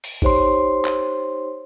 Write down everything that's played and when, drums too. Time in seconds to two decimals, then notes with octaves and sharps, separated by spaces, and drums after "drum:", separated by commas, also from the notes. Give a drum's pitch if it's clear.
0.04 drum: open hi-hat
0.22 D#4 G4 C5 C#5 C6, drum: kick G#1
0.85 drum: clap